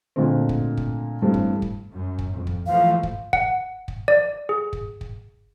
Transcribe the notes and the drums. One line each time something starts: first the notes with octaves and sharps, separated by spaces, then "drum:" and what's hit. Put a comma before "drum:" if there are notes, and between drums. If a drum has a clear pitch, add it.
A#2 D3 G#3 A3 C4
drum: kick
drum: kick
A1 G2 A3 C4
drum: kick
drum: kick
F#2
drum: kick
F2
drum: kick
E3 F3 A3 F5
drum: kick
F#5, drum: kick
drum: kick
D5
G#4
drum: kick
drum: kick